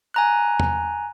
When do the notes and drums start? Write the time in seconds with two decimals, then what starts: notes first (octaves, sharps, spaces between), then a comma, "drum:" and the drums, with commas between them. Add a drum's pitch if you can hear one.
0.14 G#5 A#5 F#6
0.60 drum: tom E2